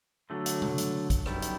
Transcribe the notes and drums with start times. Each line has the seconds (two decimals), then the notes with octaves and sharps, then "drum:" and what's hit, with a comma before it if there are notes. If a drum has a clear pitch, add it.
0.30 D3 F#3 A3
0.46 drum: hi-hat
0.62 drum: tom A#2
0.78 drum: hi-hat
1.10 drum: kick, hi-hat
1.26 F#2 D#3 G3 B3 E4, drum: rim click
1.42 drum: hi-hat